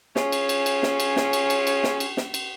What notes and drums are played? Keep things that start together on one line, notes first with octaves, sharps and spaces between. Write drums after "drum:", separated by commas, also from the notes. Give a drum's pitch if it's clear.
C#4 F4 G#4 C#5, drum: snare
drum: cymbal
drum: cymbal
drum: cymbal
drum: snare
drum: cymbal
drum: snare
drum: cymbal
drum: cymbal
drum: cymbal
drum: snare
drum: cymbal
drum: snare
drum: cymbal